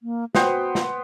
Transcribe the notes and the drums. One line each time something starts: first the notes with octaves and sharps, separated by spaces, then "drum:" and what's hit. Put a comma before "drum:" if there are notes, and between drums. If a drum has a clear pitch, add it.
A#3
B3 F#4 C5 G5, drum: snare
drum: snare